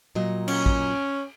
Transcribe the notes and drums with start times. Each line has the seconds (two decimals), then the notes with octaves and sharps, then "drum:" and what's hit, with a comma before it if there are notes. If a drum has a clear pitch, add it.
0.15 A#2 F#3 D#5
0.48 C#4, drum: cymbal
0.66 drum: kick